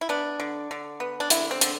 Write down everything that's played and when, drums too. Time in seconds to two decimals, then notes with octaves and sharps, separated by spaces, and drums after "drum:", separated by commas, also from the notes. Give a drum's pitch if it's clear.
0.01 E4
0.09 B3 D4
0.40 D3
0.71 D3
1.00 B3
1.20 D4
1.30 D3 E4, drum: hi-hat
1.51 C4
1.61 D3, drum: hi-hat